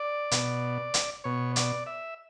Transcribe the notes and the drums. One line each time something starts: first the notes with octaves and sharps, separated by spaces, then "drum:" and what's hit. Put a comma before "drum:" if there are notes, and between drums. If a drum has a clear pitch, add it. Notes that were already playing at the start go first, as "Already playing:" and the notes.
Already playing: D5
B2, drum: hi-hat
drum: hi-hat
B2 C#5
D5, drum: hi-hat
E5